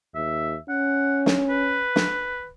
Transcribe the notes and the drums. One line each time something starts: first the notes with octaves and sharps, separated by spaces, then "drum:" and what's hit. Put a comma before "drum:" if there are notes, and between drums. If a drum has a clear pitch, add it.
D#2 E5
C#4 F#5
drum: snare
B4
drum: snare